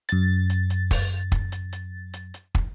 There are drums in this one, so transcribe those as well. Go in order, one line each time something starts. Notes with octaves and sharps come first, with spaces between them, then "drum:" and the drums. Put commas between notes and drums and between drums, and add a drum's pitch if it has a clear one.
F#2 A6, drum: hi-hat
drum: hi-hat
drum: hi-hat
drum: kick, open hi-hat
drum: kick, hi-hat
drum: hi-hat
drum: hi-hat
drum: hi-hat
drum: hi-hat
drum: kick